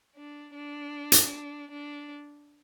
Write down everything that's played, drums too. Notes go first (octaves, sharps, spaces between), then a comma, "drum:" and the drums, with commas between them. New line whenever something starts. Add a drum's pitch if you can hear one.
D4
D4
drum: hi-hat
D4